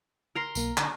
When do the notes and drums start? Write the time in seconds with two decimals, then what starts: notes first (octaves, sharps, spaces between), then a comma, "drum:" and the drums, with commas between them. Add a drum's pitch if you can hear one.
0.35 A#4 A#5 C6
0.55 B1 A#3, drum: tambourine
0.77 D3, drum: clap